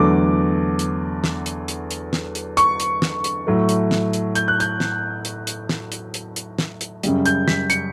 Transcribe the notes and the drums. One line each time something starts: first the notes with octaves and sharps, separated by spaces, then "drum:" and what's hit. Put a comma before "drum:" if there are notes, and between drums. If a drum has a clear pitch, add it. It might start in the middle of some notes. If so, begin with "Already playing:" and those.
Already playing: E2 D3 F#3 A3 D6
drum: hi-hat
drum: snare
drum: hi-hat
drum: hi-hat
drum: hi-hat
drum: snare
drum: hi-hat
C#6, drum: hi-hat
drum: hi-hat
drum: snare
drum: hi-hat
A2 F#3 A3
drum: hi-hat
drum: snare
drum: hi-hat
G6, drum: hi-hat
F#6
G6, drum: hi-hat
drum: snare
drum: hi-hat
drum: hi-hat
drum: snare
drum: hi-hat
drum: hi-hat
drum: hi-hat
drum: snare
drum: hi-hat
F#2 C#3 G3, drum: hi-hat
G6, drum: hi-hat
B6, drum: snare
C#7, drum: hi-hat